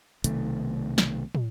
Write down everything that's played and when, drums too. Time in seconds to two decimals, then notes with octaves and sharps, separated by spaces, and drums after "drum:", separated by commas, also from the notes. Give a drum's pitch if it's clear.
0.24 B1 C3 D#3 A3, drum: hi-hat
0.98 drum: snare
1.35 drum: tom